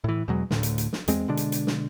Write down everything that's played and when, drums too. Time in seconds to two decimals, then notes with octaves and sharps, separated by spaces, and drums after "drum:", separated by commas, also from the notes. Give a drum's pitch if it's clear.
0.04 A2 E3
0.28 E2 B2 F#3 G#3
0.51 D2 A2 D3, drum: snare
0.63 drum: hi-hat
0.78 drum: hi-hat
0.93 drum: snare
1.08 E2 G#3 C4, drum: hi-hat
1.28 B2 D3 G#3 D4
1.37 drum: hi-hat
1.52 drum: hi-hat
1.67 drum: snare